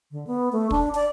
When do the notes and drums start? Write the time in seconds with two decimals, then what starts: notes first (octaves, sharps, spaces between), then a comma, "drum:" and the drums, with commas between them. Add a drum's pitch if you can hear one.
0.12 D3
0.27 B3
0.52 A3
0.71 D4, drum: kick
0.95 D5